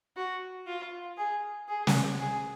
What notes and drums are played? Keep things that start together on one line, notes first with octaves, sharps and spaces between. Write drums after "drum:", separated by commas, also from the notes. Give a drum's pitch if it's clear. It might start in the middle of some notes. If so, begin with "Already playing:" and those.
F#4
F4
G#4
G#4
drum: snare
G#4